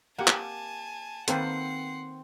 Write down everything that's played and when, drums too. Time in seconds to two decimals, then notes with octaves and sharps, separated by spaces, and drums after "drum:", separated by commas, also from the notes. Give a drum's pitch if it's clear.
0.19 A#3 G4 F#5 G#5 A5
0.28 drum: clap
1.28 D#3 A#3 C4 A4 B4 C5 F#5 C7, drum: hi-hat